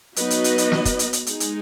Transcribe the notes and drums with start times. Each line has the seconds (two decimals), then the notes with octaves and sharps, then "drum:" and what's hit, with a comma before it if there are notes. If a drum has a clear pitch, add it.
0.16 F#3 B3 D#4 B4 D#5, drum: hi-hat
0.30 drum: hi-hat
0.44 drum: hi-hat
0.58 drum: hi-hat
0.72 drum: snare
0.85 drum: kick, hi-hat
0.99 drum: hi-hat
1.13 drum: hi-hat
1.27 G#3 D#4 G#4, drum: hi-hat
1.40 drum: hi-hat